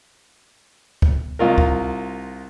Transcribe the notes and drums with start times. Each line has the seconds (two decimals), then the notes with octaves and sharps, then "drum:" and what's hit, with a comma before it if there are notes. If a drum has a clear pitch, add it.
1.02 drum: kick
1.39 C2 F4 A#4
1.58 drum: kick